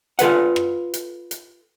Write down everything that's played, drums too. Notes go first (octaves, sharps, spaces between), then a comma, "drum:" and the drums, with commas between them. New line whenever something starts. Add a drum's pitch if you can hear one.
F4 A4 B4 F#5, drum: hi-hat
drum: rim click
drum: hi-hat
drum: hi-hat